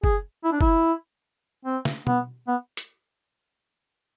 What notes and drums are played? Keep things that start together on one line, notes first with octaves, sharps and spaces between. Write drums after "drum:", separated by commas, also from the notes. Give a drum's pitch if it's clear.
G#4, drum: kick F#1
E4
D4
E4, drum: kick F#1
C4
drum: snare
B3, drum: tom B2
B3
drum: hi-hat